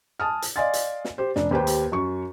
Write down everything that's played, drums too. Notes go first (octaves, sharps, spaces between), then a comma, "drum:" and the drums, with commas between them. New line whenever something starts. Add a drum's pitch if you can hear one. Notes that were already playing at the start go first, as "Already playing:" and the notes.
G#5 A5 D#6 F6
drum: hi-hat
D5 D#5 F5 G#5 C6 A6
drum: hi-hat
drum: snare
G4 C5
F1 D4, drum: snare
D#2 G4 B4 C5 G5
drum: hi-hat
F#2 C#6